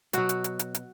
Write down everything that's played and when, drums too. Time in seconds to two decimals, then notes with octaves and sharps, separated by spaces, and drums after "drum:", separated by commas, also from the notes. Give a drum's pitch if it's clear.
0.13 B2 F#3 F#4, drum: hi-hat
0.29 drum: hi-hat
0.44 drum: hi-hat
0.59 drum: hi-hat
0.75 drum: hi-hat